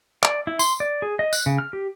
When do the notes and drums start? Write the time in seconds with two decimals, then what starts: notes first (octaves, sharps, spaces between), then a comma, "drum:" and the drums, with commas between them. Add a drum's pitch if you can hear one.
0.23 D5, drum: clap
0.47 E4
0.59 C6, drum: tambourine
0.80 D5
1.02 G#4
1.19 D#5
1.33 F#6, drum: tambourine
1.46 C#3
1.58 F6
1.73 G4